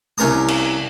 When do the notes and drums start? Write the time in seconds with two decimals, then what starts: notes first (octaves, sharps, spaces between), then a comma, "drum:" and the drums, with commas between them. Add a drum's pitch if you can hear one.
0.18 C2 C#4 A#4 A#5 D#6
0.48 drum: cymbal